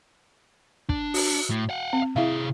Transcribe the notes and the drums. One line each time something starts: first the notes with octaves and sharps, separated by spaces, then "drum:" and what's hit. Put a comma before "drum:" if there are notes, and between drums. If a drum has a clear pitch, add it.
D4, drum: kick
F#4, drum: open hi-hat
A2
F5 F#5
C4
C3 E4 G#4 E5 F5